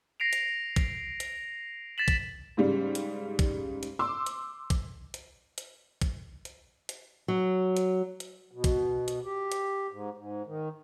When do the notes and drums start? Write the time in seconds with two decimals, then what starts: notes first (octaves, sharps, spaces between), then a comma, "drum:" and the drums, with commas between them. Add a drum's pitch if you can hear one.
0.20 A#6 C7 D7 F7
0.33 drum: hi-hat
0.76 drum: kick, hi-hat
1.20 drum: hi-hat
1.98 A6 B6 E7 F#7
2.08 drum: kick, hi-hat
2.57 G#2 C#3 G3
2.95 drum: hi-hat
3.39 drum: kick, hi-hat
3.83 drum: hi-hat
3.99 C6 D6 E6
4.26 drum: hi-hat
4.70 drum: kick, hi-hat
5.14 drum: hi-hat
5.58 drum: hi-hat
6.01 drum: kick, hi-hat
6.45 drum: hi-hat
6.89 drum: hi-hat
7.28 F#3
7.77 drum: hi-hat
8.20 drum: hi-hat
8.51 B2
8.64 drum: kick, hi-hat
9.08 drum: hi-hat
9.24 G4
9.52 drum: hi-hat
9.91 G#2
10.17 G#2
10.46 D#3